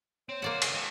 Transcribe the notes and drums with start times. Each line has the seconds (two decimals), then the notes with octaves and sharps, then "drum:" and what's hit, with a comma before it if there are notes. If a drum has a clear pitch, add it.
0.29 C4 C#5
0.42 A#3 E4 C5 D5 F#5
0.62 G#4 F5, drum: cymbal
0.75 G#3 A4